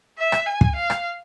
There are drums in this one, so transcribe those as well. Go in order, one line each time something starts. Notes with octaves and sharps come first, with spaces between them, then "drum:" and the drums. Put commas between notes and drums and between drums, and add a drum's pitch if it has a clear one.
E5
drum: rim click
G#5
drum: kick
F5
drum: rim click